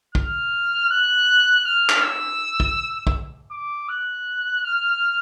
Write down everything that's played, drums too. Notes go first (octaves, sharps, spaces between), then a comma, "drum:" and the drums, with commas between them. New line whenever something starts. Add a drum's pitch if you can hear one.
F6, drum: kick
F#6
F6
drum: clap
E6
drum: kick
drum: kick
D6
F#6
F6